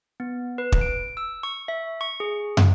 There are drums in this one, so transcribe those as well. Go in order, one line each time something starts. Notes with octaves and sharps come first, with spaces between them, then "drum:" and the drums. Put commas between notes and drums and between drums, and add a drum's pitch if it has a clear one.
B3
B4
drum: kick
D7
E6
C#6
E5
C#6
G#4
drum: tom